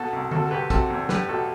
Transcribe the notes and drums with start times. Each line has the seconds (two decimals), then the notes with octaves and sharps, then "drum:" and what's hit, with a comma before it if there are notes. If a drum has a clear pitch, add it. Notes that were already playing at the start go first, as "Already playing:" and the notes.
Already playing: B2 F#4 A4
0.13 C2
0.31 C3 F#4 A4, drum: tom D3
0.42 A4
0.51 C2 G4 B4
0.70 C3 F#4 A4, drum: kick, hi-hat
0.90 E2
1.09 A2 G4 B4, drum: snare
1.29 B1 F#4 A4